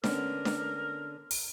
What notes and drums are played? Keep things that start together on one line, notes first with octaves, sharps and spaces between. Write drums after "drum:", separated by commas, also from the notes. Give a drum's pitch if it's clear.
D3 B3 C#4 A#4, drum: snare D4
drum: snare D4
drum: open hi-hat